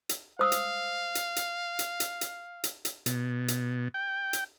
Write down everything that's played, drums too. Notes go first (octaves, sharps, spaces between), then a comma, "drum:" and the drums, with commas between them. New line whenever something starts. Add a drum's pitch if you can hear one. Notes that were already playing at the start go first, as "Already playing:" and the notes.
drum: hi-hat
C5 F5 D#6 E6
drum: hi-hat
drum: hi-hat
drum: hi-hat
drum: hi-hat
drum: hi-hat
drum: hi-hat
drum: hi-hat
drum: hi-hat
B2, drum: hi-hat
drum: hi-hat
G5
drum: hi-hat